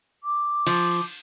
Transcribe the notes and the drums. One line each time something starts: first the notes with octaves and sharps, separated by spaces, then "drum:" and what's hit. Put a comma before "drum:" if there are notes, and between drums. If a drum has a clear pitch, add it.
D6
F3, drum: cymbal